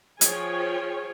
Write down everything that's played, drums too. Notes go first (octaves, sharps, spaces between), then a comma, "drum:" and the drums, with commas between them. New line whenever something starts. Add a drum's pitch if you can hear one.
F3 G#4 C#5 G5 G#5, drum: hi-hat